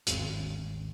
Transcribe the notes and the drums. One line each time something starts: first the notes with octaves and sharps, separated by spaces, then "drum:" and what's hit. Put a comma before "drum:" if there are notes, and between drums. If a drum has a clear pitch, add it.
G1 D#2 G#2 D4, drum: hi-hat